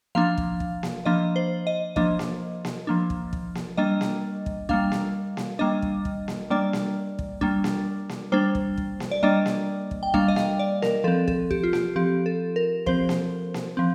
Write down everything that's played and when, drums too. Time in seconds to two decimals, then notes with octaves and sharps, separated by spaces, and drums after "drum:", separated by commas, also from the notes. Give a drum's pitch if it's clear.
0.15 F3 A#3 D4 F5
0.38 drum: kick
0.60 drum: kick
0.83 drum: snare A#3
1.05 F3 A#3 D4 D#5
1.36 C5
1.67 D#5
1.96 F3 A#3 D4 D#5, drum: kick
2.19 drum: snare A#3
2.65 drum: snare A#3
2.87 F3 A#3 D4
3.10 drum: kick
3.33 drum: kick
3.55 drum: snare A#3
3.77 G3 A#3 D4 D#5
4.01 drum: snare A#3
4.46 drum: kick
4.69 G3 A#3 D4 F5, drum: kick
4.92 drum: snare A#3
5.37 drum: snare A#3
5.59 G3 A#3 D4 D#5
5.82 drum: kick
6.05 drum: kick
6.28 drum: snare A#3
6.50 G3 A#3 D4 D5
6.73 drum: snare A#3
7.19 drum: kick
7.41 G3 A#3 D4, drum: kick
7.64 drum: snare A#3
8.09 drum: snare A#3
8.32 G3 A#3 D4 C5
8.55 drum: kick
8.78 drum: kick
9.00 drum: snare A#3
9.11 D5
9.23 G3 A#3 D4 D#5
9.46 drum: snare A#3
9.91 drum: kick
10.03 G5
10.14 G3 A#3 D4 F5, drum: kick
10.28 D#5
10.36 F5, drum: snare A#3
10.59 D5
10.82 A#4, drum: snare A#3
11.04 F3 C4 A4
11.28 A4, drum: kick
11.51 G4, drum: kick
11.63 F4
11.73 G4, drum: snare A#3
11.96 F3 C4 G4
12.26 A4
12.56 A#4
12.86 F3 C4 C5, drum: kick
13.09 drum: snare A#3
13.54 drum: snare A#3
13.77 F3 C4